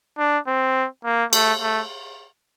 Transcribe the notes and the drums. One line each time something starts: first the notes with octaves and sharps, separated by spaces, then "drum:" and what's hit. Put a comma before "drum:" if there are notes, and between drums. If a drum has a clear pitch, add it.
D4
C4
A#3
A3, drum: cymbal
A3